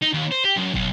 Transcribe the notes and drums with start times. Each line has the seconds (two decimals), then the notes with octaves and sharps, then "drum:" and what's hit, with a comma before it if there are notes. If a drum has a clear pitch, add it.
0.02 D#4
0.14 D#2
0.32 C5
0.45 G4
0.57 F#2
0.74 B1, drum: kick